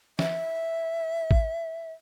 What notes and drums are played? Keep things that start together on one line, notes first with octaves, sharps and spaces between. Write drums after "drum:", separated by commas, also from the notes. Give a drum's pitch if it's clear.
E5, drum: snare
drum: kick